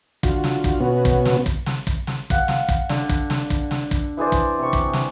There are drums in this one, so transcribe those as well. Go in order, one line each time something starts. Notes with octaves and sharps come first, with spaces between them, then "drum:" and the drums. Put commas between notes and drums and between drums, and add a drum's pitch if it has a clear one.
D3 F4 F#4, drum: kick, hi-hat
drum: snare
drum: kick, hi-hat
B2 B3 C#4 F#4
drum: kick, hi-hat
drum: snare
drum: kick, hi-hat
drum: snare
drum: kick, hi-hat
drum: snare
F5 F#5, drum: kick, hi-hat
drum: snare
drum: kick, hi-hat
D3, drum: snare
drum: kick, hi-hat
drum: snare
drum: kick, hi-hat
drum: snare
drum: kick, hi-hat
E3 G#4 C5 D5
drum: kick, hi-hat
C3 C#6
drum: kick
drum: snare